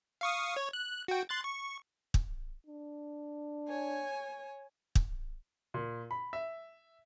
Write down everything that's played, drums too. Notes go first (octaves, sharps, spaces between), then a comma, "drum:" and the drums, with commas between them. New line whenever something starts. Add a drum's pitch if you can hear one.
F5 C#6 D#6
C#5
F#6
F#4 G5
C6 F#6 A6
C#6
drum: kick
D4
C#5 G#5
drum: kick
A#2
B5
E5